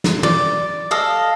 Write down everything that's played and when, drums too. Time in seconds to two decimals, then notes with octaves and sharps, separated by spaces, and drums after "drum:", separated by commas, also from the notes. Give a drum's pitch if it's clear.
0.04 drum: snare
0.23 D5, drum: tom
0.91 A4 D#5 F5